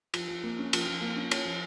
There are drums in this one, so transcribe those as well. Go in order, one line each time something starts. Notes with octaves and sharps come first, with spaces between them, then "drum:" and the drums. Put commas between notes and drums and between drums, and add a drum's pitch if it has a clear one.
F3, drum: cymbal
F3
A#3
C#4
F3, drum: cymbal
F3
A#3
C#4
C#5, drum: cymbal
F3